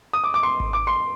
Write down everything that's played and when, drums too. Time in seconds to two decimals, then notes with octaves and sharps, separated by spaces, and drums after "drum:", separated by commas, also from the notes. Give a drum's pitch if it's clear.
0.13 D#6
0.24 D6
0.34 D6
0.43 C6
0.60 drum: kick G#1
0.73 D6
0.87 C6